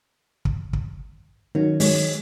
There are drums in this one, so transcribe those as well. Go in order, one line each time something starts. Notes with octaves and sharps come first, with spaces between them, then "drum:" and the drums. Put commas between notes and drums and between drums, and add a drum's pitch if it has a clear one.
drum: kick
drum: kick
D#3 F#3 C#4
G#3 C#5, drum: open hi-hat